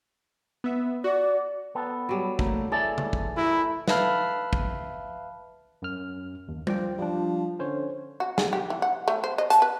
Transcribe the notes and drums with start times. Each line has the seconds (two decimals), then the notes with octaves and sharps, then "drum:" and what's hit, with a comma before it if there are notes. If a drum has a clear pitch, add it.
0.64 B3 E5
1.04 F#4 D5
1.75 B3 A4
2.09 F#3 G3
2.39 A3 A#3, drum: kick
2.72 E3 G#4 A4 D5
2.98 drum: tom C#3
3.13 drum: kick
3.37 A3 E4 A#4 B4
3.88 B4 E5 F5 A5 B5 F6, drum: snare
4.53 drum: kick
5.82 F#2 F6
6.48 D#2
6.67 F3 C5 D5 G5, drum: tom G3
6.98 F3 G3 D4
7.59 D3 C#4 C5 C#5
8.20 F#4
8.38 G#4, drum: snare
8.53 G4
8.70 E3
8.82 F#5
9.08 A3
9.24 C5
9.38 D#5
9.50 A5, drum: hi-hat
9.62 B4